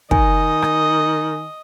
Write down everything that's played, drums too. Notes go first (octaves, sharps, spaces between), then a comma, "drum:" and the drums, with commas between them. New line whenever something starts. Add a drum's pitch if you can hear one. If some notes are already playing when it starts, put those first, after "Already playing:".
D#3 D#5 G#5, drum: kick
drum: rim click